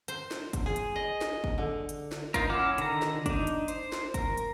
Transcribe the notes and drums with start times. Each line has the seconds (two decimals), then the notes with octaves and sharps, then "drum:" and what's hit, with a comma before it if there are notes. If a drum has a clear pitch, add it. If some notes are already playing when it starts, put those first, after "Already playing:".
0.08 C5, drum: hi-hat
0.31 drum: snare
0.53 drum: kick G1, hi-hat
0.66 G#4
0.76 drum: hi-hat
0.96 D#5
1.21 drum: snare
1.44 drum: kick G1
1.58 D3
1.89 drum: hi-hat
2.12 drum: snare
2.34 D#4 F4 A#4, drum: kick G1, hi-hat
2.49 C#4 E4 F#5 D6 F6
2.78 D3 D#3 A#5, drum: hi-hat
3.02 drum: snare
3.26 D4 D#4, drum: kick G1, hi-hat
3.47 drum: hi-hat
3.68 C5, drum: hi-hat
3.92 drum: snare
4.14 A#4, drum: kick G1, hi-hat
4.37 drum: hi-hat